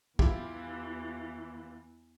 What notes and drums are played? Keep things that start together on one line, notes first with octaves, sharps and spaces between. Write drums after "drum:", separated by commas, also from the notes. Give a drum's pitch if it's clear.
E2 E3 E4 F4 G4, drum: kick